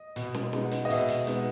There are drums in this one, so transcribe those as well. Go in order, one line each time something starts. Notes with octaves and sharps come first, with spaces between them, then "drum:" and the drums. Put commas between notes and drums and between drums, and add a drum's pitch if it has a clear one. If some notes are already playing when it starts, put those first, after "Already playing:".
Already playing: D#5
B2, drum: hi-hat
drum: snare
G#3 B3 D#4, drum: snare
drum: hi-hat
D#5
B2 E5, drum: open hi-hat
drum: hi-hat
G#3 B3 D#4, drum: hi-hat